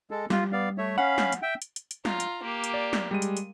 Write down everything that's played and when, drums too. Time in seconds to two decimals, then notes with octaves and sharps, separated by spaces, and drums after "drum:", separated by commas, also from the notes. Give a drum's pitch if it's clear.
0.11 G#3 A4
0.30 G3 F4, drum: snare
0.52 B3 D5 F5
0.78 A3 C#5 E5
0.98 C#4 F5 F#5 B5
1.18 drum: snare
1.32 drum: hi-hat
1.42 E5 G5
1.62 drum: hi-hat
1.76 drum: hi-hat
1.91 drum: hi-hat
2.05 F4 A#5, drum: snare
2.20 drum: hi-hat
2.43 A#3 G4
2.64 drum: hi-hat
2.74 D5
2.93 drum: snare
3.11 G3 G#3 D#7
3.22 drum: hi-hat
3.37 drum: hi-hat